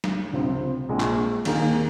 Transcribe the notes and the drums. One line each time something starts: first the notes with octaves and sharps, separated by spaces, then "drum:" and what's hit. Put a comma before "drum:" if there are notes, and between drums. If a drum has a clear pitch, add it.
drum: snare
C#2 C3 F3 C4
A#1 A#2 G#3
drum: clap
D#2 D#3 A#3 D#4 G#4, drum: cymbal